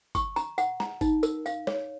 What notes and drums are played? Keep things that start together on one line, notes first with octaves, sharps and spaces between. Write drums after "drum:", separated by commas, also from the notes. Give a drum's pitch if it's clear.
C#6, drum: kick G1, tambourine
A#5, drum: tambourine
F#5, drum: tambourine
A#5, drum: snare
D#4, drum: kick G1, tambourine
A#4, drum: tambourine
F5, drum: tambourine
C#5, drum: snare